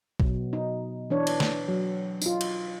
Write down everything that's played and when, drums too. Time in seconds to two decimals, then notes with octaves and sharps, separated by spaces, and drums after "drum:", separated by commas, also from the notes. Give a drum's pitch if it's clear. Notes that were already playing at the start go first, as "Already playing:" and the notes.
0.20 B2 F#3, drum: kick
0.53 D#4
1.10 E3 D4 C#5
1.27 drum: cymbal
1.40 drum: snare
1.68 F#3
2.22 D#4 F4, drum: tambourine
2.41 drum: cymbal